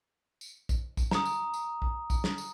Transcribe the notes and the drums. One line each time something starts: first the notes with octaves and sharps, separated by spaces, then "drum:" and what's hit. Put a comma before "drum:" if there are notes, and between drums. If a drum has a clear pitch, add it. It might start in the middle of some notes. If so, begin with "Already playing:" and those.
drum: tambourine
drum: kick, tambourine
drum: kick, tambourine
A#5 D#6, drum: snare
drum: tambourine
drum: tambourine
drum: kick
drum: kick, tambourine
drum: snare
drum: tambourine